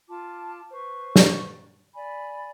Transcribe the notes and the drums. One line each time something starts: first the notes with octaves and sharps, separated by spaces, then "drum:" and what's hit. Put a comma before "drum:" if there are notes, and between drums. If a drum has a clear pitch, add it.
F4 A5 D6
B4 C5 C#6
drum: snare
D5 G#5 B5